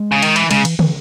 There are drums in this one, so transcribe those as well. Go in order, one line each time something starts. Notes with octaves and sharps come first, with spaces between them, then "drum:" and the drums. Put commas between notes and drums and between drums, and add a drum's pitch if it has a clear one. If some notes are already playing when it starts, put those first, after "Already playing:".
Already playing: G#3
C#3
D#3, drum: cymbal
E3, drum: cymbal
C#3 G#3, drum: cymbal
E3, drum: cymbal
E3, drum: tom